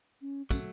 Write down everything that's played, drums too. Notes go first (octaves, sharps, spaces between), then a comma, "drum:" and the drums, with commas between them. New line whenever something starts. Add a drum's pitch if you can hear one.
C#4
F#3 A3 C#4, drum: kick, tambourine